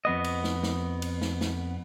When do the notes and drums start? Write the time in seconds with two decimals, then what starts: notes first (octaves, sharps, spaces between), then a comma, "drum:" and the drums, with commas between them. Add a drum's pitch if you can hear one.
0.05 F2 B3 D#5
0.24 drum: cymbal
0.44 drum: snare
0.63 drum: snare
1.02 drum: cymbal
1.21 drum: snare
1.41 drum: snare